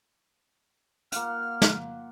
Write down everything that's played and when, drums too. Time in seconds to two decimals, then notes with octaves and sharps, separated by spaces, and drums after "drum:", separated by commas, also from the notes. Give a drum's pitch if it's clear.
1.12 A#3 F4 F#5 F6, drum: hi-hat
1.62 drum: snare